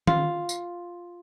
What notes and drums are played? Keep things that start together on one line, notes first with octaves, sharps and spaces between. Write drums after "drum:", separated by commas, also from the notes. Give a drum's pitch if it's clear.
F4, drum: tom D#3
drum: tambourine